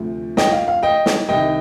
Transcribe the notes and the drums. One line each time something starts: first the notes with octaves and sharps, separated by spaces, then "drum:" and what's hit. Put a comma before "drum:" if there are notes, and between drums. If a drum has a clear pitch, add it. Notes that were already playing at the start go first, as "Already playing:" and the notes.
Already playing: D2 C3 F3 A3
D#5 G5, drum: snare
F5
F5
D#5 G5
drum: snare
C2 C3 D#3 D#5 G5